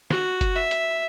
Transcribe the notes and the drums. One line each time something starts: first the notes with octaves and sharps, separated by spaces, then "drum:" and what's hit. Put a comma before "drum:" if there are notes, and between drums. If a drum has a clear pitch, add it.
F#4, drum: snare
drum: kick F#1, hi-hat
E5
drum: hi-hat